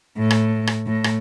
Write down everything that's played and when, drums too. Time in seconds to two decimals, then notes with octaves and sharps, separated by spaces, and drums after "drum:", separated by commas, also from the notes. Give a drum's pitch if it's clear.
0.17 A2
0.30 drum: rim click
0.67 drum: rim click
0.86 A2
1.04 drum: rim click